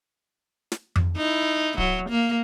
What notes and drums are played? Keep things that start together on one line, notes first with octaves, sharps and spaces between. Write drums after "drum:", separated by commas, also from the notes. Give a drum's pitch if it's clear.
drum: snare
drum: tom F2
D#4 E4
F#3, drum: kick D1
A#3